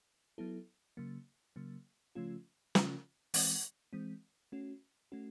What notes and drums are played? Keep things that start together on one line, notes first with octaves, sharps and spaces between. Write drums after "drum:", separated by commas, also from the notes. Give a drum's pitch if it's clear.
F#3 B3 E4 A4
C#3 F#3 A#3
C#3 F#3 A#3
C#3 F3 A3 C#4 F4
C#3 F3 A3 C#4 F4, drum: snare
E3 G#3 C4, drum: open hi-hat
E3 G#3 C4
A3 C#4 F#4
A3 C#4 F#4